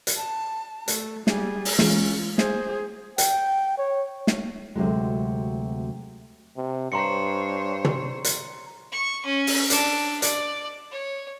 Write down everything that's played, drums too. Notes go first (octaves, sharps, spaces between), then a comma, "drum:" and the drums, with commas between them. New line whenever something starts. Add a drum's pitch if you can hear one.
drum: hi-hat
A5
A3, drum: hi-hat
G3 G#4, drum: snare
drum: open hi-hat
E3 G#3 C#4 F4, drum: snare
G#4 C5, drum: snare
G5, drum: hi-hat
C#5
drum: snare
D2 C3 F#3 G#3
C3
G2 C5 C#5 A#5 C6 C#7
drum: tom
drum: hi-hat
C#6
C#4
drum: open hi-hat
D4, drum: hi-hat
D5, drum: hi-hat
C#5